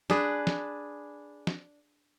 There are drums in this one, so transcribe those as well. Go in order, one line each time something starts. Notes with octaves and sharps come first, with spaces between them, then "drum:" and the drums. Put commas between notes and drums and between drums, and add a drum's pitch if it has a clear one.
D4 G#4 B4, drum: snare
drum: snare
drum: snare